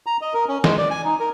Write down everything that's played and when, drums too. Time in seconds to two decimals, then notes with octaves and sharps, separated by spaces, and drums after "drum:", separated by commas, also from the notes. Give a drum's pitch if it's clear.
0.06 A#5
0.21 D#5
0.34 A#4
0.48 C#4
0.64 G#3, drum: snare
0.78 D5
0.91 G#5
1.05 D#4
1.20 A#4